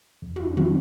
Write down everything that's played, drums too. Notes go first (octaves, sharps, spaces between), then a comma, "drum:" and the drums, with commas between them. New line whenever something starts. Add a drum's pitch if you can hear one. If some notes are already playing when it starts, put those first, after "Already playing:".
F2
drum: tom
D#3 F#3 C4, drum: tom